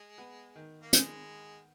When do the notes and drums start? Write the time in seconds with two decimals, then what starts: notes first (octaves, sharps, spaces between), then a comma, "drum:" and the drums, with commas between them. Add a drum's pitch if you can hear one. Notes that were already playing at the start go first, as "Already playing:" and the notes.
Already playing: G#3
0.18 B3
0.55 D#3
0.82 A#3
0.93 D#3 G#3, drum: hi-hat